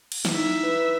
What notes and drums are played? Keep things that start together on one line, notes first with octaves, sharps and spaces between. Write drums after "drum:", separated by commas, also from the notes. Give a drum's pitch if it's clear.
drum: cymbal
E4, drum: snare
D#4 E5
E4
B4